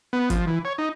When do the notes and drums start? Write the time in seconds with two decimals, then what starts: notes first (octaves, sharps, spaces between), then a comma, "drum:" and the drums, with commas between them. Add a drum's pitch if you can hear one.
0.13 B3
0.30 F3, drum: kick G#1, hi-hat
0.47 E3
0.65 C#5
0.78 D#4